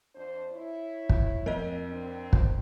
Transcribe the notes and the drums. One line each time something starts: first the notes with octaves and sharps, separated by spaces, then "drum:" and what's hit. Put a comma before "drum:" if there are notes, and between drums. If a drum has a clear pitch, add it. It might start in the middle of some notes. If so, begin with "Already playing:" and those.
F2 D4 C5
E4 C#5
drum: kick
F2 A#4 D#5
C4 D4
drum: kick